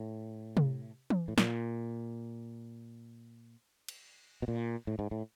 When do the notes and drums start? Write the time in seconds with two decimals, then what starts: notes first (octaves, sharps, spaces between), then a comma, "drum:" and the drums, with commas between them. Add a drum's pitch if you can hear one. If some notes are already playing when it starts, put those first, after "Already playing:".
Already playing: A2
0.57 drum: tom C3
1.10 drum: tom E3
1.28 A2
1.38 A#2, drum: snare
3.88 drum: cymbal
4.42 B2
4.48 A#2
4.87 A2
4.99 G#2
5.11 A2